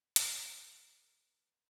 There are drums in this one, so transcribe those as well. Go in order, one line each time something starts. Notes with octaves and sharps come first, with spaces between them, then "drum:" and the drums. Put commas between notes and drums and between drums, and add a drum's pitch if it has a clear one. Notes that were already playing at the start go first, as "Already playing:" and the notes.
A#4, drum: hi-hat
B4
A#4